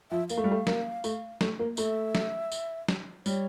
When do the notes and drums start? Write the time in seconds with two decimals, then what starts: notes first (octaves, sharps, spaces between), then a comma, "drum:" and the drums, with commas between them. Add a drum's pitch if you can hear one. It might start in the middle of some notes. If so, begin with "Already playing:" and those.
0.11 F3 E5
0.29 A#3 F5, drum: tambourine
0.37 A3
0.44 G3
0.51 A3
0.67 A#3, drum: snare
1.04 A3, drum: tambourine
1.41 A3, drum: snare
1.59 A#3
1.77 A3 E5, drum: tambourine
2.15 drum: snare
2.52 drum: tambourine
2.88 drum: snare
3.26 G3 C#5, drum: tambourine